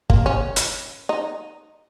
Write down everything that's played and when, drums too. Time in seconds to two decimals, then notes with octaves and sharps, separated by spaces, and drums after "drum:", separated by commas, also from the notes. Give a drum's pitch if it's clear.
0.10 A#3, drum: kick
0.26 C#4
0.56 drum: hi-hat
1.09 D#4